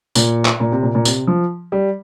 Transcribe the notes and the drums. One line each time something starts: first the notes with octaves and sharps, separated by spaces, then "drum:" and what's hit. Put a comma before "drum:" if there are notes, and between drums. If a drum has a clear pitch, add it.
A#2, drum: tambourine
drum: clap
A#2
C3
A#2
A#2
C3, drum: tambourine
F3
G3